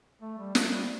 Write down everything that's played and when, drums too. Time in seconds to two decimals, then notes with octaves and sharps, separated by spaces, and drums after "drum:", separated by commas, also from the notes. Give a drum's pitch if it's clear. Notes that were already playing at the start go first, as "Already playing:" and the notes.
0.21 A3
0.38 G3
0.55 A3, drum: snare
0.72 G3